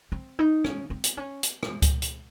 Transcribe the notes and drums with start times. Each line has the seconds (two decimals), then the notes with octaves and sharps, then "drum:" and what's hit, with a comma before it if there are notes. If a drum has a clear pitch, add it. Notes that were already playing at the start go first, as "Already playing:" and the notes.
0.12 C4
0.39 D#4
0.64 C#4, drum: rim click
0.90 C4
1.04 drum: hi-hat
1.17 C#4
1.43 drum: hi-hat
1.63 drum: rim click
1.82 drum: kick C#2, hi-hat
2.02 drum: hi-hat